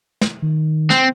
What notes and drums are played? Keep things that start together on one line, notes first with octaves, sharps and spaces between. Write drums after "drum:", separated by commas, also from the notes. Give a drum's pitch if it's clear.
drum: snare
D#3
C4, drum: snare